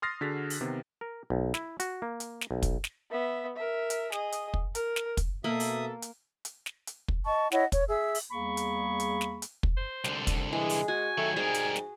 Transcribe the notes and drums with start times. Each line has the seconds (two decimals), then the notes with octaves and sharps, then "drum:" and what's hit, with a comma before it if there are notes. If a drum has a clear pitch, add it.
0.02 C6 D#6 F6 A6 A#6 C7
0.21 D3 F#4 G#4 A6 B6
0.50 drum: open hi-hat
0.61 C3 D#3 B3
1.01 A#4
1.30 B1
1.54 E4, drum: snare
1.80 F#4, drum: hi-hat
2.02 A#3
2.20 drum: hi-hat
2.41 drum: snare
2.51 B1
2.63 drum: kick, hi-hat
2.84 drum: snare
3.11 B3 E5
3.56 A#4 E5
3.90 drum: hi-hat
4.12 G#4 D#5, drum: snare
4.32 drum: hi-hat
4.54 drum: kick
4.75 A#4, drum: hi-hat
4.96 drum: snare
5.17 drum: kick, hi-hat
5.44 B2 A#3 A4 E5 D#6
5.60 drum: open hi-hat
6.02 drum: hi-hat
6.45 drum: hi-hat
6.66 drum: snare
6.87 drum: hi-hat
7.08 drum: kick
7.25 D#5 A5 C#6
7.52 E4 C#5 D#5 F#5, drum: snare
7.72 C#5, drum: kick, hi-hat
7.88 G#4 E5 E6
8.15 drum: open hi-hat
8.31 E2 G3 A#3 G#4 B5 C#6
8.57 drum: hi-hat
9.00 drum: hi-hat
9.21 drum: snare
9.42 drum: hi-hat
9.63 drum: kick
9.77 C5
10.04 C2 D3, drum: snare
10.27 drum: kick, hi-hat
10.53 E3 G#3 G#4
10.69 drum: open hi-hat
10.88 G#3 F#4 G#5
11.18 D#3 F#3 A3
11.37 G#2 G3 G#4 A#4
11.54 drum: hi-hat
11.76 drum: snare